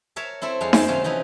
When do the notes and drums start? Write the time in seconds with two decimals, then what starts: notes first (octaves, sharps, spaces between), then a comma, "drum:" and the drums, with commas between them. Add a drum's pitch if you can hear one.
0.16 A#4 C#5 E5 A5
0.42 C4 E4 A4 E5
0.61 F2 G#3 A4 F5
0.73 F#2 F3 C4 C5 A5, drum: snare D#4
0.88 C3 D#3 F#3 C#4 F5
1.04 E3 F3 D#4 E4